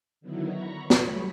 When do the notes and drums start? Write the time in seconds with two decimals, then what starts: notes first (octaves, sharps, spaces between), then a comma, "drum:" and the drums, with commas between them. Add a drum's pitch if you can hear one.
0.21 D3 D#3 F#3 B3 E4
0.50 A#5 B5 C#6
0.90 F#3 G3 A3 C#5 B5, drum: snare